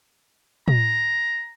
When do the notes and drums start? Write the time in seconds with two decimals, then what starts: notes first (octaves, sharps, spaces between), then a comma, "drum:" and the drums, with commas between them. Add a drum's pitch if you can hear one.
0.68 A#5, drum: tom